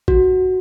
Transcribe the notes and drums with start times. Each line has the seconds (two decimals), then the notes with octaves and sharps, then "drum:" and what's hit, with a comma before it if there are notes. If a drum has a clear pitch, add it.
0.08 F#4, drum: kick